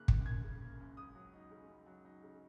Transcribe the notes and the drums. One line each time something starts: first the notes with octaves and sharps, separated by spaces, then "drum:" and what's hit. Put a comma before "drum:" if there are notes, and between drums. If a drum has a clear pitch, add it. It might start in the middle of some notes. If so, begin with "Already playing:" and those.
Already playing: F#1 C#3 A#3 F#6
F#2, drum: kick
F#1 G#6
C#3
A#3
F#2
C#2 D#6
F#3
D#4
C#3
C#2
F#3
D#4
C#3